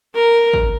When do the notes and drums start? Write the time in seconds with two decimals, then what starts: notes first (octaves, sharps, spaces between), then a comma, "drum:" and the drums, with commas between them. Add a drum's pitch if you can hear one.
0.15 A#4
0.54 drum: kick